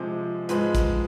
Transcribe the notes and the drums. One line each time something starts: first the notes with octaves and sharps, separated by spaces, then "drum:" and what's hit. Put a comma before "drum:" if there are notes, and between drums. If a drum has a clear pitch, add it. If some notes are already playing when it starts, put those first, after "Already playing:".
Already playing: C3 F3 G#3
G#2 F3 G#3 B4, drum: hi-hat
drum: kick A1, hi-hat